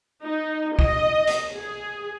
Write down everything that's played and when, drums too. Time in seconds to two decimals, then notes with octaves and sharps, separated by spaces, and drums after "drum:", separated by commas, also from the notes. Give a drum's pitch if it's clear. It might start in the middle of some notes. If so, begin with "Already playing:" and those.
0.23 D#4
0.79 D#5, drum: kick
1.27 drum: hi-hat
1.54 G#4